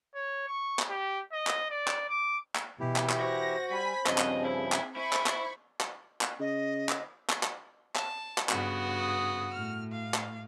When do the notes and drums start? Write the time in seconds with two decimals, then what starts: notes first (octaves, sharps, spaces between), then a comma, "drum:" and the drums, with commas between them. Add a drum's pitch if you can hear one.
0.14 C#5
0.47 C#6
0.79 drum: clap
0.89 G4
1.32 D#5
1.47 drum: clap
1.70 D5
1.88 drum: clap
2.09 D6
2.55 drum: clap
2.80 B2 E3 E4 G4
2.96 drum: clap
3.10 drum: clap
3.20 F#4 C5 A#6
3.71 G3 G#5 B5 B6
4.07 G2 C#3 F3 C4 G#4 D#5, drum: clap
4.18 drum: clap
4.45 E4
4.72 drum: clap
4.97 E4 C5 G#5 B5 C#6
5.13 drum: clap
5.26 drum: clap
5.81 drum: clap
6.21 drum: clap
6.40 C#3 D#5
6.89 drum: clap
7.30 drum: clap
7.43 drum: clap
7.96 A5, drum: clap
8.38 drum: clap
8.49 G2 C#3 B3 F#4, drum: clap
9.00 D#6
9.54 A2 F6
9.92 F5
10.14 drum: clap